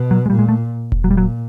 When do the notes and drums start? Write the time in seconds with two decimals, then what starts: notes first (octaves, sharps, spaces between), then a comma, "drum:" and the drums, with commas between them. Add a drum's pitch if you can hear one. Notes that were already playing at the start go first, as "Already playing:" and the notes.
Already playing: B2
0.11 F#3
0.26 G#3
0.30 A#2 G3
0.39 G#3
0.49 A3
0.92 drum: kick E1
1.03 A#2 F#3
1.11 G3
1.17 F#3